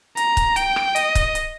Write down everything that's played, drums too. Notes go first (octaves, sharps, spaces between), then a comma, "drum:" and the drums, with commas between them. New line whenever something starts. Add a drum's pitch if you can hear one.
A#5, drum: hi-hat
drum: kick, hi-hat
G5, drum: hi-hat
drum: rim click
D#5, drum: hi-hat
drum: kick, hi-hat
drum: hi-hat